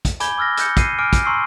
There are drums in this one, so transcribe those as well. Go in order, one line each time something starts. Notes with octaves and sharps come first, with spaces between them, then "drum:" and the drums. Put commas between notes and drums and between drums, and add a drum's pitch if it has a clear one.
drum: kick, hi-hat
G#5 B5 D6 G6 G#6 G7, drum: hi-hat
D6 E6 F6 A6 A#6
E6 F#6 G6 C#7, drum: hi-hat
G6 C7 D#7, drum: kick, hi-hat
G#5 D6 F6 D7
drum: kick, hi-hat
G#5 A#5 C6 C#6 E6 C7